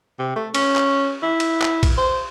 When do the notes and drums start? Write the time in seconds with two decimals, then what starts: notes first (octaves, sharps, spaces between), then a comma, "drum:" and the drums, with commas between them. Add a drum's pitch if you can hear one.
0.19 C3
0.36 A3
0.54 C#4, drum: cymbal
0.76 drum: clap
1.23 E4
1.40 drum: cymbal
1.61 drum: clap
1.83 drum: kick A#1, cymbal
1.98 C5